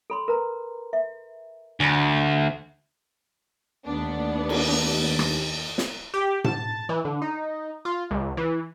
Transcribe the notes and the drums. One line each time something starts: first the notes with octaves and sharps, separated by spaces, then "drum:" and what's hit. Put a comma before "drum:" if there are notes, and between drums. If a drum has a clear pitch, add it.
A4 B5 C6
A#4 B4 A#5
E5
D2 G#5 B5
D#2 A3 B3 D4
drum: cymbal
drum: rim click
drum: snare
G4
A5, drum: tom A2
E3
D3
D#4
F4
C#2
E3